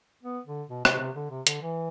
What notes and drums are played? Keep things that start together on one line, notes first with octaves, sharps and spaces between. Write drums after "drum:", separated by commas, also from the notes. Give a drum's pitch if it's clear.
B3
D3
B2
C3, drum: rim click
C3
D3
C3
D3, drum: hi-hat
E3